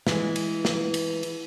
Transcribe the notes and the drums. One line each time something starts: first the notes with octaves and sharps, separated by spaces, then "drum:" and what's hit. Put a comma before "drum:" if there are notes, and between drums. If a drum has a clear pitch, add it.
E3 G#3, drum: snare
drum: cymbal
drum: snare
drum: cymbal
drum: cymbal